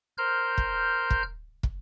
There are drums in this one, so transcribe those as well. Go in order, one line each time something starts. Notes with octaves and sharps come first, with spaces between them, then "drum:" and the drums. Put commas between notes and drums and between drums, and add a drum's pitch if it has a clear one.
A#4 C5 F6 G6
drum: kick
drum: kick
drum: kick